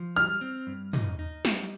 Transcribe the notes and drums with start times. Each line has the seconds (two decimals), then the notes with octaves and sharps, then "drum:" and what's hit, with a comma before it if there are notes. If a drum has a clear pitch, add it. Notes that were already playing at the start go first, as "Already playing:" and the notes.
Already playing: F3
0.16 G3 F6
0.41 C4
0.67 G2
0.93 D#4, drum: tom
1.19 D#4
1.45 G3, drum: snare